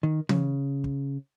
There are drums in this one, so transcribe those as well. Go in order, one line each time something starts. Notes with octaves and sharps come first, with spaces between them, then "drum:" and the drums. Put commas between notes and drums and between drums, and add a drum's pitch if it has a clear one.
D#3
C#3, drum: tom
drum: kick